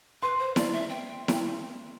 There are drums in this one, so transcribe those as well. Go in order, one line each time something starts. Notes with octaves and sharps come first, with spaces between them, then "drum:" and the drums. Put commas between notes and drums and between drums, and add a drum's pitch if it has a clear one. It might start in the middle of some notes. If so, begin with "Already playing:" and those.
B4 C6
C5
D5, drum: snare E4
E5
G5
drum: snare E4